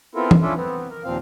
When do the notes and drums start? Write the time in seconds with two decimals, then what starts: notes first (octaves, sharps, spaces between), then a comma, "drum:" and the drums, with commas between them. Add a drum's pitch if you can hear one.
0.15 B3 C4 E4 F4 A4 A#4
0.31 drum: tom E3
0.41 C#4 D4 E4 F4 A4
0.55 B3 C4
0.90 A#4
1.04 D#2 A#2 F3 C4 F5